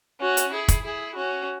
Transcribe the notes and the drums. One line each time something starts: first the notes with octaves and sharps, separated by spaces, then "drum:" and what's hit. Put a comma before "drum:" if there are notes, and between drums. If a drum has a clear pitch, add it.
C#4 F#4
drum: hi-hat
E4 G#4
drum: kick, hi-hat
E4 G#4
C#4 F#4